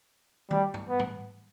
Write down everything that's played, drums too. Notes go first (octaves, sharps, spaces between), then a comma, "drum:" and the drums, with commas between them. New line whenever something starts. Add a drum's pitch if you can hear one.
G3, drum: tom
drum: tom G2
B3
drum: tom